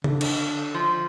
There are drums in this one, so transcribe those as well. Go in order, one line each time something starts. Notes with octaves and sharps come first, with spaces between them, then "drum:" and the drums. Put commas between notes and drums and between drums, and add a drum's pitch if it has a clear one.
D3, drum: tom C#3
drum: cymbal
F3